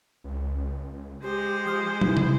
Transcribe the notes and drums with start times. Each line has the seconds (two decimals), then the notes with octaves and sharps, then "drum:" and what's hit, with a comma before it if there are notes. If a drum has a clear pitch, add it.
0.24 C#2
1.23 G#3 G4 C5
1.66 F3 C6 D#6 F6
2.01 B2 G3 D#4 E4, drum: tom
2.17 drum: tom